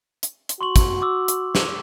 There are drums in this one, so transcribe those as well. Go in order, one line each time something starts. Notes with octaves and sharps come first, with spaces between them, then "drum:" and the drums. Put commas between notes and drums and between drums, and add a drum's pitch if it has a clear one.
drum: hi-hat
drum: hi-hat
F#4 C6 C#6 F#7
drum: kick, hi-hat
D6 E6
drum: hi-hat
drum: snare